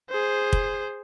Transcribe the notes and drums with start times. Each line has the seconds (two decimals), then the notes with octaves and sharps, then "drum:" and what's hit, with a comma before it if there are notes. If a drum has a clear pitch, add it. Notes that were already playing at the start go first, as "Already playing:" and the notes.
0.10 G#4 C5
0.53 drum: kick